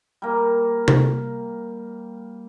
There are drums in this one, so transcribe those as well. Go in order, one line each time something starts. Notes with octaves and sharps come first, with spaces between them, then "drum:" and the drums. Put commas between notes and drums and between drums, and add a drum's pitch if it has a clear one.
G3 A#3
drum: tom C3